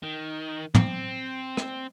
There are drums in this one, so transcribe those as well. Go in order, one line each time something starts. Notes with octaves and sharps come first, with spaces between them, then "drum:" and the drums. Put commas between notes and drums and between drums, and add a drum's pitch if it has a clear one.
D#3
C4, drum: tom
drum: rim click